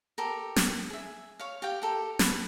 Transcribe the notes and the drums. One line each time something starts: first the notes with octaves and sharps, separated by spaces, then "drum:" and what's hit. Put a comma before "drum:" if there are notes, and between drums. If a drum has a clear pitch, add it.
G4 A4 A#4
drum: snare
G#4 E5
C#5 F5
G4 F5 G5
G4 A4 A#4
B4, drum: snare